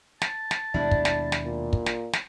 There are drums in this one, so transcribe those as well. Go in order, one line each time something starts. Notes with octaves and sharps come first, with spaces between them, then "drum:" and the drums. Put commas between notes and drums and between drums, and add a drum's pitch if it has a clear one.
A5, drum: snare
drum: snare
D#2 B2 G3 G#3 D4 E4
drum: kick
drum: snare
drum: snare
A#2
drum: kick
drum: snare
drum: snare